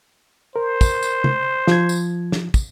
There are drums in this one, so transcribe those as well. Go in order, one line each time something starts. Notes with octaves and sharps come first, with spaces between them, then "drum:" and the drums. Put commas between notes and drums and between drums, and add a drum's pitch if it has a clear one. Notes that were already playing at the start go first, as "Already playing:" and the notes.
A#4 C5
drum: kick, tambourine
drum: tambourine
drum: tom
F3 G#6, drum: snare
drum: tambourine
drum: snare
drum: kick, tambourine